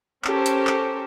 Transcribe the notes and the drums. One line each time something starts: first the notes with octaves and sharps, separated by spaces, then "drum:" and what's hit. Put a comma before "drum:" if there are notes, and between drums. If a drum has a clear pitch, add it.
C#4 G4 A4 A#4 C5, drum: clap
drum: hi-hat
drum: clap